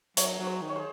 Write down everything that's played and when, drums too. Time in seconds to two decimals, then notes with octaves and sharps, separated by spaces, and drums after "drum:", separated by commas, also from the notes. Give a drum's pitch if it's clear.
0.17 F#3 A#4 C#5, drum: hi-hat
0.39 F#3
0.47 G#4 C5
0.61 D#3
0.69 C#5
0.76 G#4 C5